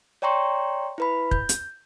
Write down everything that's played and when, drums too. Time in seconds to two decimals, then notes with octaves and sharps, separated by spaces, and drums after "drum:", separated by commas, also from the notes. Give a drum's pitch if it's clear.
0.22 C#5 D5 G5 A#5 C6 C#6
0.98 E4 B4 B5
1.31 G6, drum: kick
1.49 drum: hi-hat